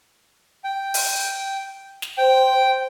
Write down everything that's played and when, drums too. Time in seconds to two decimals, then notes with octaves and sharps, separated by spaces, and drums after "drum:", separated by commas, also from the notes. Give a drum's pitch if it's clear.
0.64 G5
0.94 drum: open hi-hat
2.02 drum: snare
2.18 C5 G5